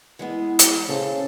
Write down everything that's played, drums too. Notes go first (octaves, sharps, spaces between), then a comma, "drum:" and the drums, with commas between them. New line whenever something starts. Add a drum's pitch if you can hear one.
E3 G#3 B3
drum: hi-hat
C#3 A4 C5